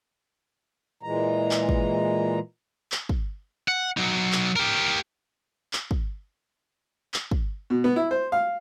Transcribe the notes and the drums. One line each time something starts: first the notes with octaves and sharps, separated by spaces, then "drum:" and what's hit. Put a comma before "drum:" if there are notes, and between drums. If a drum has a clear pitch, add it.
A#2 E3 G#3 A#5
drum: clap
drum: kick
drum: clap
drum: kick
F#5
F#3 D#4
drum: clap
G4 A#4
drum: clap
drum: kick
drum: clap
drum: kick
B2
B3
E4
C5
F5